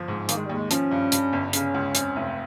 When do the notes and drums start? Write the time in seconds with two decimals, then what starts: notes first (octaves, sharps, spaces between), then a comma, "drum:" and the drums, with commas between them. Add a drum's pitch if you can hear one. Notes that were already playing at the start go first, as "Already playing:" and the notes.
Already playing: G1 F3
0.08 G#2
0.29 D#3 A#3, drum: hi-hat
0.37 G#3
0.46 G3
0.50 D#2 G#3
0.71 F3 C#4, drum: hi-hat
0.91 G2
1.12 G2, drum: hi-hat
1.33 G1
1.53 C#3 C#4, drum: hi-hat
1.74 C#2
1.95 F2, drum: hi-hat
2.16 F1